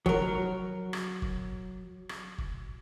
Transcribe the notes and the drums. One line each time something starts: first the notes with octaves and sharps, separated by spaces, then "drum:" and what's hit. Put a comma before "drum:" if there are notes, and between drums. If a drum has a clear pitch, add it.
F#3 A#4, drum: kick F#1
drum: rim click
drum: kick F#1
drum: rim click
drum: kick F#1